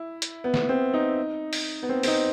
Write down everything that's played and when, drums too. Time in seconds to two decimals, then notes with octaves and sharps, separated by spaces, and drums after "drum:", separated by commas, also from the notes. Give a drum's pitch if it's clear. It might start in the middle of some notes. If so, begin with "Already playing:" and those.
Already playing: E4
0.22 drum: hi-hat
0.44 B3
0.54 drum: snare
0.69 C4
0.94 D#4
1.53 drum: open hi-hat
1.83 B3
1.89 C4
2.03 C4, drum: open hi-hat
2.07 D#4